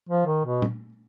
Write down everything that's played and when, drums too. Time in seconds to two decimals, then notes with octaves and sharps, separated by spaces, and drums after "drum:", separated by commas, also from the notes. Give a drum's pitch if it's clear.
0.09 F3
0.26 D#3
0.45 B2
0.62 drum: tom